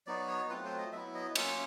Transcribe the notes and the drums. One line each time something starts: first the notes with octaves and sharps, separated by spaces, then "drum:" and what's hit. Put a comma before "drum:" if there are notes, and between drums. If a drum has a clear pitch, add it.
F#3 B3 D#4 F#4 D5
C#5
F#3 A3 C4 F4 B4
C5
D#5
F#3 B3 E4 E5
D#5
F#3 A#3 C#4 F4 E5, drum: cymbal